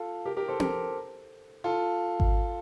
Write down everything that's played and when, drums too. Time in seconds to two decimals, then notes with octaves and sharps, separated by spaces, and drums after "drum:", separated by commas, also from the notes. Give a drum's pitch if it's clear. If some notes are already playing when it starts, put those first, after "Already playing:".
Already playing: F4 A4
0.26 G4 A#4
0.37 G4 A#4
0.48 A4 C5
0.60 G4 A#4, drum: tom C4
1.64 F4 A4
2.20 drum: kick G#1